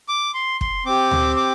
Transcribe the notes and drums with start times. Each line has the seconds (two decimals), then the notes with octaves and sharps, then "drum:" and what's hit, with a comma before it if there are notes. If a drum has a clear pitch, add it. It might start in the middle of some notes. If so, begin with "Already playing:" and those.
0.08 D6
0.34 C6
0.61 C6, drum: kick
0.86 C4 G4 D6
1.11 drum: tom D2
1.36 D6